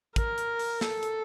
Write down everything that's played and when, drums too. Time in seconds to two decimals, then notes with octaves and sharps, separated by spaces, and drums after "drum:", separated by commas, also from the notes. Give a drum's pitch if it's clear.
0.16 A#4, drum: kick, hi-hat
0.38 drum: hi-hat
0.59 drum: open hi-hat
0.81 A4, drum: snare
1.03 drum: hi-hat